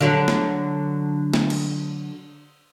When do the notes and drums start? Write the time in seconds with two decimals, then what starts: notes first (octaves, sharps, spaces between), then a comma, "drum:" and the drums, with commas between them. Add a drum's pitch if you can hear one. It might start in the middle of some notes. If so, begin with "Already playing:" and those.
0.01 D3 F#3
0.28 drum: snare
1.33 drum: snare
1.50 drum: cymbal